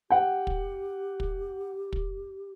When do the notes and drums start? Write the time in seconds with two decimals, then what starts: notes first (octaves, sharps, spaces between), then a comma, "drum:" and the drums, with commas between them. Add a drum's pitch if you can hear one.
0.10 G4 F#5 G5
0.47 drum: kick
1.20 drum: kick
1.93 drum: kick